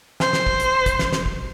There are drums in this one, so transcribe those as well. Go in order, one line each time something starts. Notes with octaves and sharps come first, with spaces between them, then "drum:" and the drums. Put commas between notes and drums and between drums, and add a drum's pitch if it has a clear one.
C5, drum: snare
drum: snare
drum: kick
drum: hi-hat
drum: kick, hi-hat
drum: snare
drum: snare
drum: kick